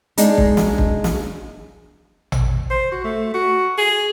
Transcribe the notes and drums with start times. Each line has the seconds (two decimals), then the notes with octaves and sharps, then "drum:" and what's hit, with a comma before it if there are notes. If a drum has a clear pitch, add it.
0.18 G#3 D4 D#4, drum: hi-hat
0.38 drum: kick
0.57 drum: snare
0.78 drum: kick
1.04 drum: snare
2.32 drum: tom A1
2.70 C5
2.92 F#4
3.04 A3
3.34 F#4
3.78 G#4